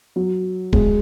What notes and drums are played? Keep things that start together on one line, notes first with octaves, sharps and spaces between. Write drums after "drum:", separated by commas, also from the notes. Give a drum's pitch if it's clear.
F#3
G#3, drum: kick D1